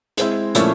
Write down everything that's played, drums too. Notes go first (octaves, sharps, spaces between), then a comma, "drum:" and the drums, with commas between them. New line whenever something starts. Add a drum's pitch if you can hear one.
G#3 C4 E4, drum: hi-hat
A#2 F3 A3 C#4 E4, drum: hi-hat